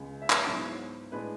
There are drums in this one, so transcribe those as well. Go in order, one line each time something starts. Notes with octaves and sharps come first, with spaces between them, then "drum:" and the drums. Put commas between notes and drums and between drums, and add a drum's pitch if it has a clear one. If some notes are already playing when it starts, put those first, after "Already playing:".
Already playing: C#2 C#3 G#3
E5
A5, drum: clap
C#5
G#2 F#3 B3 E4
A2 G#3 D4 B4